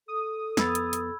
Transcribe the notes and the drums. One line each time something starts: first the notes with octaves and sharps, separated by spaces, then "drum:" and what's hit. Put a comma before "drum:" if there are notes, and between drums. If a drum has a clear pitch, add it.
A4 D#6
F2 B3 B5 E6 G#6 A6, drum: snare
drum: hi-hat
drum: hi-hat